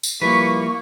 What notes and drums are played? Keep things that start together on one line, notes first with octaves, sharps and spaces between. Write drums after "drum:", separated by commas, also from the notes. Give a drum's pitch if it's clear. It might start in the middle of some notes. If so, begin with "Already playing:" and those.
drum: tambourine
F3 G3 A#3 E4 B4 C#6